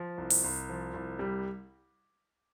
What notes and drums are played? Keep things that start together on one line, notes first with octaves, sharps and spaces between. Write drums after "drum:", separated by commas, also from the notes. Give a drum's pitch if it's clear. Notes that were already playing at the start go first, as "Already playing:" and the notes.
Already playing: F3
C2
drum: open hi-hat
C2
F3
C2
G3